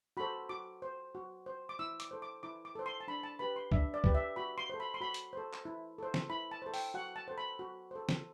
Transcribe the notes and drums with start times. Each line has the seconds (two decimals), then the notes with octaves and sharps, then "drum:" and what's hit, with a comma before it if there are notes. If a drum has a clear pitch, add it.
0.17 F#4 A4 C5 B5
0.49 F#4 D6
0.82 C5
1.15 F#4
1.46 C5
1.69 D6
1.79 E4 E6
2.00 D6, drum: hi-hat
2.11 A4 C5
2.22 D6
2.43 E4 D6
2.65 D6
2.75 A4 C5
2.86 C6
3.00 A5
3.08 D4 B5
3.23 A5
3.39 G4 B4 B5
3.56 C6
3.72 D4 E5, drum: kick
3.94 D5
4.04 G4 B4, drum: kick
4.15 E5
4.36 F#4 B5
4.58 C6
4.70 A4 C5
4.80 B5
4.94 C6
5.01 F#4 B5
5.14 drum: hi-hat
5.33 A4 C5
5.53 drum: clap
5.65 E4
5.98 A4 C5
6.14 drum: snare
6.30 E4 B5
6.51 A5
6.62 A4 C5
6.74 G5, drum: open hi-hat
6.94 F#4 F#5
7.16 A5
7.28 A4 C5
7.38 B5
7.59 F#4
7.91 A4 C5
8.09 drum: snare